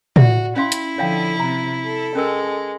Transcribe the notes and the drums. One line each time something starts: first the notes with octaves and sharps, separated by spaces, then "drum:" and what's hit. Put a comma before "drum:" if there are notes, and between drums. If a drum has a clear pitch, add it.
F#4 D5 E5, drum: tom
C#4 E4 F5 C6
drum: hi-hat
D3 F3 C#5 F5 G5
C3 A#5
A4
G#3 C#4 A#4 E6